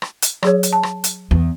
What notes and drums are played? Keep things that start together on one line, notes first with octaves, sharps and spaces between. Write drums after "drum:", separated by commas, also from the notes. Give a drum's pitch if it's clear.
drum: rim click
drum: hi-hat
F#3 G#4 C#5, drum: rim click
drum: hi-hat
A5
drum: rim click
drum: hi-hat
E2